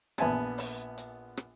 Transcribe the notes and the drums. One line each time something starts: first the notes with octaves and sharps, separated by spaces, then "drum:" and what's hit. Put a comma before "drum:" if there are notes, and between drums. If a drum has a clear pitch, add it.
A#1 B3 E5 G#5 A5, drum: rim click
drum: open hi-hat
drum: hi-hat
drum: rim click